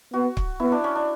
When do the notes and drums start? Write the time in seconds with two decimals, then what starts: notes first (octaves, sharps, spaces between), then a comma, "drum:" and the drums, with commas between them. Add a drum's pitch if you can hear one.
0.13 B3 F#4
0.37 drum: kick C#1
0.60 B3 E4
0.72 D4
0.84 C#4
0.95 D4